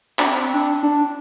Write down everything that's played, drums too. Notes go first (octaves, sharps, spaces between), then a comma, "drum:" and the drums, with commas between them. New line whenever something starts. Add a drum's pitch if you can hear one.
D4, drum: clap
C4
D4
D4